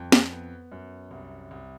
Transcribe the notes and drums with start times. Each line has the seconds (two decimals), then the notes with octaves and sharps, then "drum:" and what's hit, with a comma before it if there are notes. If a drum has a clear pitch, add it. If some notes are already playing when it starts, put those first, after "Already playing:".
Already playing: F2
0.12 drum: snare
0.32 B3
0.72 F#2
1.11 C2
1.51 C2